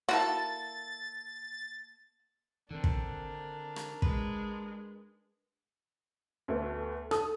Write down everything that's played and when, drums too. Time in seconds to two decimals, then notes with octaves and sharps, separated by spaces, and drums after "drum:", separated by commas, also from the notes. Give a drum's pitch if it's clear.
0.09 A#3 E4 F#4 A4 A6
2.71 D3 D#3 C4 D4 A#4
2.84 drum: kick
3.76 drum: rim click
4.02 G#3 B4, drum: kick
6.48 D2 A3 B3
7.11 A4 D#6, drum: rim click